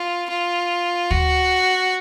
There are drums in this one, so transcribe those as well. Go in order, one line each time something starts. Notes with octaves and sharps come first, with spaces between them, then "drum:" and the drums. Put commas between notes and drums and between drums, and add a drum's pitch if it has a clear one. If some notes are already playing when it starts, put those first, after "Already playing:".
Already playing: F4
F4
F#4, drum: kick